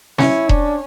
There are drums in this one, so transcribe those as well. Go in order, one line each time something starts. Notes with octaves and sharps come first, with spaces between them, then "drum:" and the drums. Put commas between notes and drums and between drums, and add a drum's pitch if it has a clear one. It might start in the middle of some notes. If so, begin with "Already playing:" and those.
C#4 E4, drum: snare
D4, drum: kick E1